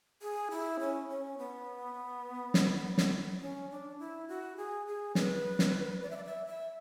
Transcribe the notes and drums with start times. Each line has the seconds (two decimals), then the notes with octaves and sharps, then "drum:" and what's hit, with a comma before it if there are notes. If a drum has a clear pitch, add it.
0.22 G#4
0.51 E4
0.80 C#4
1.09 C#4
1.38 B3
2.54 drum: snare
2.98 drum: snare
3.41 C#4
3.71 D4
3.99 E4
4.28 F#4
4.57 G#4
4.86 G#4
5.15 B4, drum: snare
5.59 drum: snare
6.02 D5
6.10 E5
6.16 D5
6.24 E5
6.46 E5